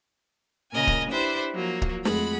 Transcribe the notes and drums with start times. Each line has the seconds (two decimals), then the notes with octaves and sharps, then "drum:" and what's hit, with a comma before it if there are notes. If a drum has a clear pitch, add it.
0.73 A#2 C#3 A#4 D#5 G#5
0.87 drum: kick
1.11 D4 E4 G4 B4 C5 E5
1.55 F3 F#3 A#3 F#4
1.82 drum: kick
2.05 F2 G#3 A3 G#4 F#5 B5, drum: snare